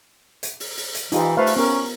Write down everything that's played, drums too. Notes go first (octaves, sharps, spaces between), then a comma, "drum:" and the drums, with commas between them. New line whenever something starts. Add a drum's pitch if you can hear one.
drum: hi-hat
drum: open hi-hat
drum: open hi-hat
drum: hi-hat
E3 D#4 F4 G4, drum: hi-hat
A3 B4 C5 F5
drum: open hi-hat
B3 C#4 A#4